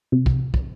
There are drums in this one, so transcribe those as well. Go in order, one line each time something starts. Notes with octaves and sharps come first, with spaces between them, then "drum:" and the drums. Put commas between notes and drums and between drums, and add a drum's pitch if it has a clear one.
C3
drum: kick
drum: kick